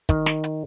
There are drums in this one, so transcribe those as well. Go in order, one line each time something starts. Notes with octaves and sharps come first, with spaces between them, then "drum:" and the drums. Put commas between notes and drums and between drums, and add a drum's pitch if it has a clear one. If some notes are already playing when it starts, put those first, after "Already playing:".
D#3, drum: kick, hi-hat
drum: snare
drum: hi-hat